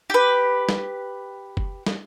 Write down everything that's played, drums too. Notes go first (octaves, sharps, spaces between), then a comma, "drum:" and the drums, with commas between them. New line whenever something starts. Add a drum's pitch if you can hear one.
G4 B4
drum: snare
drum: kick F#1
drum: snare